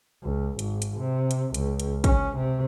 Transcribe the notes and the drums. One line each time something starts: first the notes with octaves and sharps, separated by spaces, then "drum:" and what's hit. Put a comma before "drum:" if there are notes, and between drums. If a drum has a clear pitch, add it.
C#2
G#1, drum: hi-hat
drum: hi-hat
C3
drum: hi-hat
C#2, drum: hi-hat
drum: hi-hat
C#4, drum: kick, hi-hat
C3